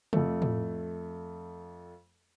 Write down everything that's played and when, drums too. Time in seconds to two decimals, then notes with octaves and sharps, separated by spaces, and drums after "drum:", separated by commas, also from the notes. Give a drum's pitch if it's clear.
0.13 F2 A3, drum: tom C3
0.42 drum: tom A2